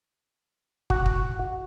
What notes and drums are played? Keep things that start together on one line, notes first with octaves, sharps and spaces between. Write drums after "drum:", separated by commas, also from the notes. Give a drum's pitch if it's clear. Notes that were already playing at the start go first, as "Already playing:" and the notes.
F#4, drum: kick
drum: kick